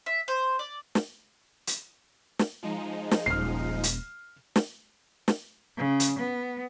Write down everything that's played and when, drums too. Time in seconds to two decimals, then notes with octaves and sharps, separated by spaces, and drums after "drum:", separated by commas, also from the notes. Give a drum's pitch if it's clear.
0.06 E5
0.28 C5
0.59 D5
0.95 drum: snare
1.67 drum: hi-hat
2.39 drum: snare
2.63 F3 G#3 D#4
3.11 drum: snare
3.26 D#1 C#4 F6 C7
3.83 drum: hi-hat
4.56 drum: snare
5.28 drum: snare
5.77 C#3
6.00 drum: hi-hat
6.18 B3